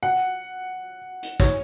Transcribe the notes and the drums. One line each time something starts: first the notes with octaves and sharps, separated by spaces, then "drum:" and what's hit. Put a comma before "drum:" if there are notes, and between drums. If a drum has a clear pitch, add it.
F#5
drum: hi-hat
C#5, drum: kick